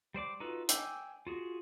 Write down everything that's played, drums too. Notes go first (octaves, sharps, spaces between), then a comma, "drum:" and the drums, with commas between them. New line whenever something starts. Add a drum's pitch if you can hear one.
G3 C5 D5 D6
D#4 F4 F#4 A4 B4
G5 G#5 D6 E6 G6, drum: hi-hat
F4 F#4 G#4